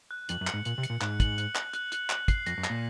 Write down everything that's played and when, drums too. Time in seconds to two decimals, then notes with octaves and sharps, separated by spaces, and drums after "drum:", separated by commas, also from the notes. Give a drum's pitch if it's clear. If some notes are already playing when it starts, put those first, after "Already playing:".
0.11 F#6
0.29 F2 F#7, drum: hi-hat
0.41 F#2
0.47 C#7, drum: clap
0.54 G#2
0.65 A#2 F#7, drum: hi-hat
0.78 C3
0.83 C#7, drum: hi-hat
0.90 A#2
1.01 G#2 F#6, drum: clap
1.20 F#7, drum: kick, hi-hat
1.38 F#6, drum: hi-hat
1.55 F#6, drum: clap
1.73 F#6, drum: hi-hat
1.92 F#6, drum: hi-hat
2.10 F#6, drum: clap
2.28 C7, drum: kick, hi-hat
2.46 F2 A#6, drum: hi-hat
2.58 F#2
2.64 A#6, drum: clap
2.70 A#2